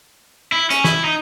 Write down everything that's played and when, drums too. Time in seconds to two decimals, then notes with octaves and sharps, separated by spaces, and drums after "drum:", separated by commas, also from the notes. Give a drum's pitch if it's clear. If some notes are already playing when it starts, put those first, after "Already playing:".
0.52 E4
0.70 C#4, drum: hi-hat
0.84 E4, drum: snare
1.04 D#4